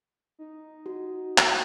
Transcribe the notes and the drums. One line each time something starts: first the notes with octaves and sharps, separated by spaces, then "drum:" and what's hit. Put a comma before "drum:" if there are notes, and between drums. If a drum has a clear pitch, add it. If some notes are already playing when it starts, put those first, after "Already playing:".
D#4
F#4
drum: clap
D#6